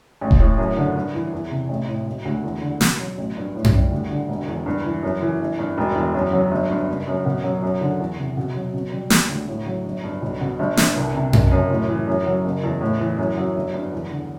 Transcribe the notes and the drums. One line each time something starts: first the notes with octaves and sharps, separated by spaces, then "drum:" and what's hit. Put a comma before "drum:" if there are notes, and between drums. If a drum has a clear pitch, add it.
A1
drum: kick E1
A2
F#2
D3
G2
E3
E2
C3
A1
A2
E1
D2
E2
D3
B2, drum: snare
F#3
A1
G2
A2
drum: tom F#2
G3
D2
D3
E1
E2
G2
E3
F#2
E3
G1
G2
E1
E2
F#2
F#3
G1
G2
F#1
F#2
B2
F#3
F#2
D3
E2
C3
B2
F#3
B2
G3
E1, drum: snare
D2
A2
F#3
G1
G2
B1
B2
G1
G2, drum: snare
C2
C3
F#1, drum: tom F#2
F#2
A2
E3
F#2
F#3
F#1
E2
A2
E3
F#2
F#3
G1
G2
E2
D3